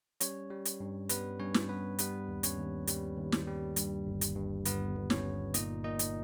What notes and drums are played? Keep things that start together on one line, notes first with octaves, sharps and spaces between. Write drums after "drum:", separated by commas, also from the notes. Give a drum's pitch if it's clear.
G3 C#4 C#5, drum: hi-hat
G3
drum: hi-hat
G2
G3 B3 B4, drum: hi-hat
G2 C#4 C#5
drum: snare
G2 B3 B4
G3 B3 B4, drum: hi-hat
D#2
C#4 C#5, drum: hi-hat
D#2
G3, drum: hi-hat
D#2
drum: snare
G3
G2, drum: hi-hat
G1
drum: hi-hat
G2
G1 B3 B4, drum: hi-hat
G1
C#4 C#5, drum: snare
G1
A#2 D#4 D#5, drum: hi-hat
A#2 D#4 D#5
drum: hi-hat